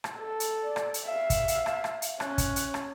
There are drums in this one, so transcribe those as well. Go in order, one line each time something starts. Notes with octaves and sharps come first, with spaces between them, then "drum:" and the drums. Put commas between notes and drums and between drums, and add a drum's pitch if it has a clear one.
drum: rim click
A4
drum: hi-hat
D5
drum: rim click
drum: hi-hat
E5 F5
drum: kick, hi-hat
drum: hi-hat
drum: rim click
drum: rim click
drum: hi-hat
C#4 F#6, drum: rim click
drum: kick, hi-hat
drum: hi-hat
drum: rim click